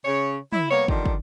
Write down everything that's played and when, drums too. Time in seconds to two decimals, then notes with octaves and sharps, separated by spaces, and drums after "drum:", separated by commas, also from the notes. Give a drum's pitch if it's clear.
0.05 C#3 C#5
0.52 E4, drum: tom
0.71 G3 A#3 B3 C#5
0.88 D3 D#3 F3 G3 D4 D#4, drum: kick
1.05 drum: kick